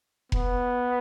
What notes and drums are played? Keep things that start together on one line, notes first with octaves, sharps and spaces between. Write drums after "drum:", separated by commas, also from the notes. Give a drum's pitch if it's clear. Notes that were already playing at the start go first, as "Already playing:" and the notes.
B3, drum: kick F1